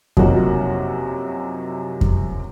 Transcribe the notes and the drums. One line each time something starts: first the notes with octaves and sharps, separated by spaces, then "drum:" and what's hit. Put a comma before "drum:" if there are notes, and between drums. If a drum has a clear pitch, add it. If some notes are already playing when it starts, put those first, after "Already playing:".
F#2 C3 F3 A#3 D#4 F#4, drum: kick F2
drum: kick F2